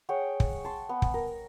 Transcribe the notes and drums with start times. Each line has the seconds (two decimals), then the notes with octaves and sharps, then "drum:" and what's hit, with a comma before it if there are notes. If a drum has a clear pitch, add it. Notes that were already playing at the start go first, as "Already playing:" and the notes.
0.09 G#4 C#5 F#5 G5
0.40 drum: kick
0.64 A5 C6
0.89 B3
1.02 drum: kick
1.14 A#4